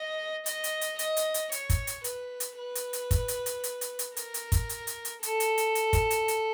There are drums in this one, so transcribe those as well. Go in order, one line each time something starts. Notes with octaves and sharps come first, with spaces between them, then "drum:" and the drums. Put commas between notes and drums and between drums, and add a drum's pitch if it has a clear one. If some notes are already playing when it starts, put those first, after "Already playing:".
Already playing: D#5
D#5, drum: hi-hat
drum: hi-hat
drum: hi-hat
D#5, drum: hi-hat
drum: hi-hat
drum: hi-hat
C#5, drum: hi-hat
drum: kick, hi-hat
drum: hi-hat
B4, drum: hi-hat
drum: hi-hat
B4
drum: hi-hat
drum: hi-hat
drum: kick, hi-hat
drum: hi-hat
drum: hi-hat
drum: hi-hat
drum: hi-hat
drum: hi-hat
A#4, drum: hi-hat
drum: hi-hat
drum: kick, hi-hat
drum: hi-hat
drum: hi-hat
drum: hi-hat
A4, drum: hi-hat
drum: hi-hat
drum: hi-hat
drum: hi-hat
drum: kick, hi-hat
drum: hi-hat
drum: hi-hat